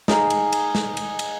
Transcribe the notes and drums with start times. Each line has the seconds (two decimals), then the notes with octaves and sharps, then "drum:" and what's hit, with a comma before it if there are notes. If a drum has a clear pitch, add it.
0.08 D#4 G#4 F5 A#5, drum: snare
0.30 drum: cymbal
0.53 drum: cymbal
0.75 drum: snare
0.97 drum: cymbal
1.19 drum: cymbal